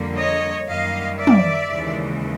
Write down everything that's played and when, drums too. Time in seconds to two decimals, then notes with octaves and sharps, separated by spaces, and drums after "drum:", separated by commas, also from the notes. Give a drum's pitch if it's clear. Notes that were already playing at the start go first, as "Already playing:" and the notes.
Already playing: F2 D3 G3 A#3
0.16 C#5 D#5
0.67 F#2 D#3 G3 A#3 D#5 F5
1.18 D5 E5
1.27 drum: tom
1.70 D#2 C#3 E3 G#3